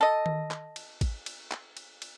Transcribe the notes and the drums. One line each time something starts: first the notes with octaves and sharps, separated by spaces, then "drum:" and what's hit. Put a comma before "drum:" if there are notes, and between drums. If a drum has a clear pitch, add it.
A4 D#5
drum: tom D#3
drum: clap
drum: cymbal
drum: kick, cymbal
drum: cymbal
drum: clap
drum: cymbal
drum: cymbal